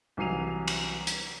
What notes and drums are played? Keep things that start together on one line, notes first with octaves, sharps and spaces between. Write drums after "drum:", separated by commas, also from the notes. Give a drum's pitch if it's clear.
C2 E3 F#3 C7 D#7 F7
drum: cymbal
drum: hi-hat